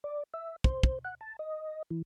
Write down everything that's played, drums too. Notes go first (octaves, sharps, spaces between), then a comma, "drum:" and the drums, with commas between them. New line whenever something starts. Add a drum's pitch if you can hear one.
D5
E5
C5, drum: kick
drum: kick
F#5
A5
D#5
E3